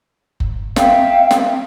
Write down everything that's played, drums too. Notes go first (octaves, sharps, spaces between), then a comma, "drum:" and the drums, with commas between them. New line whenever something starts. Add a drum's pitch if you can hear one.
drum: kick F#1
E5 F5 G5, drum: snare
drum: snare